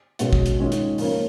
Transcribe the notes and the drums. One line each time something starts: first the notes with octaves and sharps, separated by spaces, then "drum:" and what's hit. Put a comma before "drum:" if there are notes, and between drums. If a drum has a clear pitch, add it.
B2 G#3 C#4 F#4, drum: hi-hat
drum: kick
drum: hi-hat
D#3 G#3 C#4 F4
drum: hi-hat
C#3 F3 A#3 C#4, drum: open hi-hat